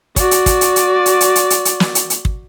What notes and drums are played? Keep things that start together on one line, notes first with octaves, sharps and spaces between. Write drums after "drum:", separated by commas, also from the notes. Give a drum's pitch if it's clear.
F#4 D5, drum: kick, hi-hat
drum: hi-hat
drum: kick, hi-hat
drum: hi-hat
drum: hi-hat
drum: hi-hat
drum: hi-hat
drum: hi-hat
drum: hi-hat
drum: hi-hat
drum: snare
drum: hi-hat
drum: hi-hat
drum: kick